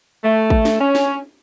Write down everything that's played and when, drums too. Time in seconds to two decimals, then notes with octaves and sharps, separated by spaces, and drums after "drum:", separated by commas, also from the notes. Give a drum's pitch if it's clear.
0.24 A3
0.50 drum: kick
0.65 drum: snare
0.80 C#4
0.95 drum: snare